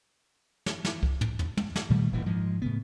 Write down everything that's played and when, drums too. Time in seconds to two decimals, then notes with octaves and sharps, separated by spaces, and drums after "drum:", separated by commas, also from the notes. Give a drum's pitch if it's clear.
0.66 drum: snare
0.85 drum: snare
1.03 drum: kick C2
1.21 drum: tom
1.39 drum: tom
1.57 drum: tom
1.76 drum: snare
1.90 A#2 D#3 G3 A3
2.12 D1 D#2 A#2 E3
2.26 G#2 F3 G#3
2.62 A2 C#3 B3